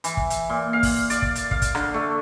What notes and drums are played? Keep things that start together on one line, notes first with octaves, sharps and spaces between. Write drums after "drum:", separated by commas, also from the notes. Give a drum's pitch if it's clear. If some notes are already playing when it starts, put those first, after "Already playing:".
E3, drum: hi-hat
drum: kick
drum: hi-hat
A#2
F5
drum: kick, open hi-hat
D5, drum: hi-hat
drum: kick
drum: hi-hat
F5, drum: kick
drum: kick, hi-hat
D3, drum: rim click
A3